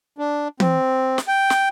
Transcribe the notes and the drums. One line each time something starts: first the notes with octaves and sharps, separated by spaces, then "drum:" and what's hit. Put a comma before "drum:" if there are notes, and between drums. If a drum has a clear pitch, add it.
D4
C4, drum: tom E3
drum: snare
G5
drum: snare